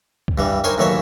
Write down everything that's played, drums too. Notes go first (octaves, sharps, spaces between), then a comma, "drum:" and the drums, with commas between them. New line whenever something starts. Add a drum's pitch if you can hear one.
drum: kick
G2 E3 G3
D#4 A#4 C5 C#5 G#5 C6
D#2 A2 E3 F#3 C#5 E5